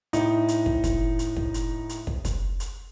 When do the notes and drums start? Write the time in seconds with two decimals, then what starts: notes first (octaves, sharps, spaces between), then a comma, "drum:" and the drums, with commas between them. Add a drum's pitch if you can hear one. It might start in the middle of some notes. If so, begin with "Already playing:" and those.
0.13 A2 D#4, drum: hi-hat
0.48 drum: hi-hat
0.66 drum: kick
0.84 drum: kick, hi-hat
1.19 drum: hi-hat
1.37 drum: kick
1.54 drum: hi-hat
1.89 drum: hi-hat
2.07 drum: kick
2.25 drum: kick, hi-hat
2.60 drum: hi-hat